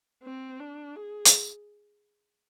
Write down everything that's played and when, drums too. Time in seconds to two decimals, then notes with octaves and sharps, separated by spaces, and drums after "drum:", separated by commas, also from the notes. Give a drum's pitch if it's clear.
0.24 C4
0.60 D4
0.96 G#4
1.25 drum: hi-hat